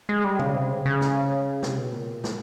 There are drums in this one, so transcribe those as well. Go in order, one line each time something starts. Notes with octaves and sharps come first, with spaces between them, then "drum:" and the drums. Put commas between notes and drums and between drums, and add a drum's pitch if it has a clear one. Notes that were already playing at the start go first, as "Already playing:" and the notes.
G#3
G3
C#3, drum: tom
C3
C#3
C#3
drum: snare
C3, drum: snare
B2
A#2
drum: snare